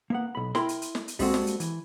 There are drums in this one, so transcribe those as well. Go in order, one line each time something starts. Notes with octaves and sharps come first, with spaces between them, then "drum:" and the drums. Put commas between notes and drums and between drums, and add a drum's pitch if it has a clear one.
A#3 B3 F#5
B1 B5
E4 A#4 G5 B5 C6, drum: snare
drum: hi-hat
drum: hi-hat
drum: snare
drum: hi-hat
G3 G#3 A#3 C4 F#4 A4, drum: kick, open hi-hat
drum: snare
drum: hi-hat
E3, drum: hi-hat